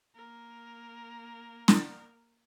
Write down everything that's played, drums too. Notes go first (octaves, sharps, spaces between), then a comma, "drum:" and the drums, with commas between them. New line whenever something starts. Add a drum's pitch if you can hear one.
A#3 A#4
drum: snare